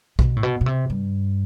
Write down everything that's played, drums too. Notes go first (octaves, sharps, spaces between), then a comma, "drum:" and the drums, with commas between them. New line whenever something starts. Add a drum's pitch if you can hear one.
B2, drum: kick B1
A2
B2
B2
C3
G2